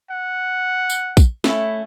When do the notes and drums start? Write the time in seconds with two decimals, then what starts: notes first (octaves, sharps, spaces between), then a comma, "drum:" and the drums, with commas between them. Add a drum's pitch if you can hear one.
0.11 F#5
0.90 drum: tambourine
1.17 drum: kick, tambourine
1.44 A3 C#4 E4, drum: snare